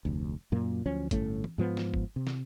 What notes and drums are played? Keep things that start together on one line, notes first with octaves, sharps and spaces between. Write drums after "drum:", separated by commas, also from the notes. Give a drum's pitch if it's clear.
F1 D2
F#2 A#2 A#3
D2 F3 F#3 C#4
G1 A2 A3 C#4, drum: kick G1, hi-hat
drum: tom E3
G#2 F3 B3
drum: snare
drum: kick G1
C3
drum: snare